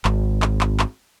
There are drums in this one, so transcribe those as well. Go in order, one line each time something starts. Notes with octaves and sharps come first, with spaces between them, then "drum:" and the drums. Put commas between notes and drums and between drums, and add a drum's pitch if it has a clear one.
G#1, drum: clap
drum: clap
drum: clap
drum: clap